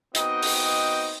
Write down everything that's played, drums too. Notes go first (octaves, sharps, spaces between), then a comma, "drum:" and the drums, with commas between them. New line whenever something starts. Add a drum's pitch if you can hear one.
B3 C4 D#4 F#4 D#5 G5, drum: hi-hat
drum: open hi-hat